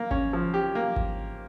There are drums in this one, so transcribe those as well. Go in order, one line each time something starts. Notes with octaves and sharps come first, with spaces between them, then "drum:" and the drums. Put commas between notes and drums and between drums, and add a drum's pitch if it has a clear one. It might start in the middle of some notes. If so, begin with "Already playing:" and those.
Already playing: A#3
C#4, drum: kick G#1
F3
G4
A#3
drum: kick G#1